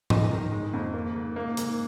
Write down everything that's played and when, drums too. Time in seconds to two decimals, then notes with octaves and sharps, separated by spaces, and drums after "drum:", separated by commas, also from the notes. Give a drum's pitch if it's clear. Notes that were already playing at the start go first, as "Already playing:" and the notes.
0.10 D#4, drum: tom G#2
0.32 D#3
0.52 G#3
0.73 F2
0.94 A#3
1.15 G#2
1.36 A#3
1.57 G#2, drum: hi-hat